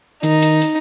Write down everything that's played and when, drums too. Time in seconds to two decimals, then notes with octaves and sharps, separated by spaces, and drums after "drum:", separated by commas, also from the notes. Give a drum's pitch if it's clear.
0.23 D#3 D#4, drum: hi-hat
0.42 drum: hi-hat
0.62 drum: hi-hat